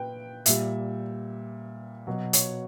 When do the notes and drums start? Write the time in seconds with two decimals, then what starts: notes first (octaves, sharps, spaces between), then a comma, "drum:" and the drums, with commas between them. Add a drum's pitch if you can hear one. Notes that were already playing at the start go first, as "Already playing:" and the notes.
Already playing: A#2 B4 G5
0.46 A#2 G3 E5, drum: hi-hat
2.07 B2 F#3
2.33 C#5, drum: hi-hat